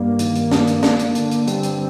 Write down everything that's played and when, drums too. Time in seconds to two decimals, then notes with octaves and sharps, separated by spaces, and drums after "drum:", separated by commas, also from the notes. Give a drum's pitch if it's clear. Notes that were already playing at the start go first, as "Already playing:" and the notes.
Already playing: G2 G3 A#3
0.19 D#3, drum: hi-hat
0.35 drum: hi-hat
0.51 D4, drum: snare
0.67 drum: hi-hat
0.83 D4, drum: snare
0.99 drum: hi-hat
1.15 D3, drum: hi-hat
1.31 drum: hi-hat
1.47 G3 C4, drum: hi-hat
1.63 drum: hi-hat